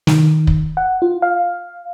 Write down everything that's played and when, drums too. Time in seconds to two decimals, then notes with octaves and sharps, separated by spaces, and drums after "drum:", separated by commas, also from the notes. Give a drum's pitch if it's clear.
0.07 D#3, drum: snare
0.47 drum: kick
0.77 F#5
1.02 F4
1.22 F5